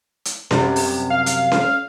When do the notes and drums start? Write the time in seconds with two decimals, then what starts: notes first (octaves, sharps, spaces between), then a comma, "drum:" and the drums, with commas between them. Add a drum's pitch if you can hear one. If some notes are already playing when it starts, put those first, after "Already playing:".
0.25 drum: hi-hat
0.51 F#2 C3 G3, drum: snare C#4
0.76 drum: open hi-hat
1.10 F5
1.26 drum: hi-hat
1.52 drum: snare C#4